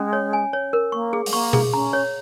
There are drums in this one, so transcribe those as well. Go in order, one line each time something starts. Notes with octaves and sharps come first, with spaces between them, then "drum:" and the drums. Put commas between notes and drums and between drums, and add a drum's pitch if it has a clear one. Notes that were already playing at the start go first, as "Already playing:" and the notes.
Already playing: G#3 C#4
C#5
G#5
C#5
A#4
A#3 C#6
G#4
G#3, drum: open hi-hat
A#3 C#6
G#4, drum: tom B2
C#4 A#5
C#5